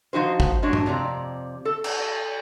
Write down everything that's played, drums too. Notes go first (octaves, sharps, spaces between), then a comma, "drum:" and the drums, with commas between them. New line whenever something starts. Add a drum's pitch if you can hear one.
F3 D#4 F#4 C5
drum: kick
G#3 D4 F#4 C#5
drum: tom G2
F2 C3 D5 A#5
A4
drum: cymbal